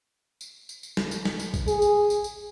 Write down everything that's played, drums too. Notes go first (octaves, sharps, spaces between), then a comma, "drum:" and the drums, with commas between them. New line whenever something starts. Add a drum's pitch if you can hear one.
drum: tambourine
drum: tambourine
drum: tambourine
drum: snare
drum: tambourine
drum: snare
drum: tambourine
drum: kick, tambourine
G#4, drum: tambourine
drum: tambourine
drum: tambourine
drum: tambourine